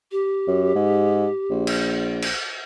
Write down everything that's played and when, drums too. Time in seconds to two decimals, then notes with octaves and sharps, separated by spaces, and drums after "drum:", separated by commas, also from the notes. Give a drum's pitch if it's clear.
0.12 G4
0.47 F#2
0.75 G#2
1.50 A#1
1.67 drum: cymbal
2.22 drum: cymbal